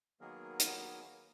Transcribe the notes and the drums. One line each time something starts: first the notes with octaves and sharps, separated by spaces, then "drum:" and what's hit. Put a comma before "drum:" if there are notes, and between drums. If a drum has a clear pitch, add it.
D#3 F#3 A#3 B3 G#4 A#4
drum: hi-hat